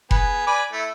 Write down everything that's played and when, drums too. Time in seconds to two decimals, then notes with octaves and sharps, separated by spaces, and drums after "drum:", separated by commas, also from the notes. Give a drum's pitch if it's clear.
0.11 B3 G#4, drum: kick F1
0.47 B4 D5 G#5
0.72 A3 E4